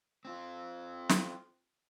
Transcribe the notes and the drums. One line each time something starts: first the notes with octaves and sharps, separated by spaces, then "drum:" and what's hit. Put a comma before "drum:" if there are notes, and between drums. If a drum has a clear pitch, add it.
C4 F4
drum: snare